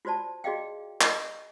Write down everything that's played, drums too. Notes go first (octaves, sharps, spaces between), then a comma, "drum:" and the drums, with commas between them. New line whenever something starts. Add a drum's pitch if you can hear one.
F4 F#4 C5 D5 A5
F#4 G#4 D5 D#5 F5 G5
D#5, drum: clap